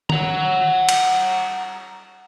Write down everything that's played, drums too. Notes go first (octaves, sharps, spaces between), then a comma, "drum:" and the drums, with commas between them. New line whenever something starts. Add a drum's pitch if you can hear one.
F#5 A#5, drum: tom D#3
drum: cymbal